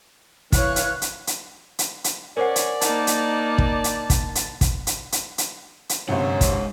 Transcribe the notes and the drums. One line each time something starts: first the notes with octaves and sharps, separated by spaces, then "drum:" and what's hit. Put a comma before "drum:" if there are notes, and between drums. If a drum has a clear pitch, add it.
E3 C#5 F5 F#6, drum: kick, hi-hat
drum: hi-hat
drum: hi-hat
drum: hi-hat
drum: hi-hat
drum: hi-hat
C#4 A#4 C5 D5 F#5
drum: hi-hat
A#3 D#4 A5, drum: hi-hat
drum: hi-hat
drum: kick
drum: hi-hat
drum: kick, hi-hat
drum: hi-hat
drum: kick, hi-hat
drum: hi-hat
drum: hi-hat
drum: hi-hat
drum: hi-hat
G1 F#2 C3 G#3 C#5 F#5
drum: kick, hi-hat